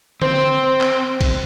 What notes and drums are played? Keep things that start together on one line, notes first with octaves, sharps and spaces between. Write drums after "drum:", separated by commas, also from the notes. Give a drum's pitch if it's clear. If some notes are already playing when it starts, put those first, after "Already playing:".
C4 C5, drum: tom D3
drum: clap
drum: kick B1, cymbal